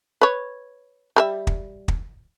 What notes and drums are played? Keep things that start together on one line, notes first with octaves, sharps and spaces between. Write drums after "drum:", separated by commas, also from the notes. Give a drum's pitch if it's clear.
B4 C#5
G3 A#4 E5
drum: kick
drum: kick